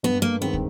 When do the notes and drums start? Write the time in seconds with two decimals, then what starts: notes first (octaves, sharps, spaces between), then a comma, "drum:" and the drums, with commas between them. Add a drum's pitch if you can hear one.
0.03 G2 B3
0.22 A#3
0.41 D#3 G#3 B3 C4
0.54 drum: kick